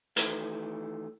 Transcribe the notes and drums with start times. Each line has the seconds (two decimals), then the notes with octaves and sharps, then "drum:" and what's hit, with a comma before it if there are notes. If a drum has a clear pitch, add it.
0.16 D#3 E3 A3, drum: hi-hat